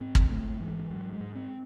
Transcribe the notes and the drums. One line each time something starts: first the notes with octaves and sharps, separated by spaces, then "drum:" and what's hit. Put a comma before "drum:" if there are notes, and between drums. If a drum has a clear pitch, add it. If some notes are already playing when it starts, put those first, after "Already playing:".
G#2 C4
drum: kick
G#2 A3
G#2 E3
G#2 F#3
G#3
G#2
C4